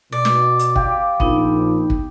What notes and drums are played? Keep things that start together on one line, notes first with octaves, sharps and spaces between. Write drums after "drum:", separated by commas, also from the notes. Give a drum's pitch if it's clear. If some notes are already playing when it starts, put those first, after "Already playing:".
B2 D5
drum: snare
drum: hi-hat
G4 F5, drum: kick
A#1 F3 B3 D#4, drum: kick
drum: kick